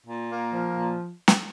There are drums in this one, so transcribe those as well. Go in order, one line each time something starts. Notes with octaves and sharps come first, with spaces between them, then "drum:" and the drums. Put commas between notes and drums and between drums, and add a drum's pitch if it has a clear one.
A#2
A#3
F3
A#2
drum: snare